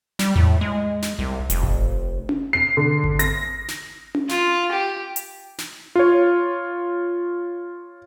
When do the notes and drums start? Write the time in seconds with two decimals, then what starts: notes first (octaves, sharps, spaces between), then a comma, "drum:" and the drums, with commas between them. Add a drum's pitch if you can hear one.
0.19 G3, drum: snare
0.36 A2, drum: tom E2
0.61 G#3
1.02 drum: snare
1.19 C2
1.50 F1, drum: hi-hat
1.63 drum: kick G#1
2.29 drum: tom C#4
2.53 C7
2.77 D3
3.04 drum: kick G#1
3.19 A#6, drum: hi-hat
3.68 drum: snare
4.15 drum: tom C#4
4.29 F4, drum: snare
4.72 G4
5.16 drum: hi-hat
5.58 drum: snare
5.96 F4 C#5